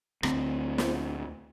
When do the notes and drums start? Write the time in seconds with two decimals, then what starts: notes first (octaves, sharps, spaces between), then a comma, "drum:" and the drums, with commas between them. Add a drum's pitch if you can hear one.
0.23 D2 C4, drum: rim click
0.78 drum: snare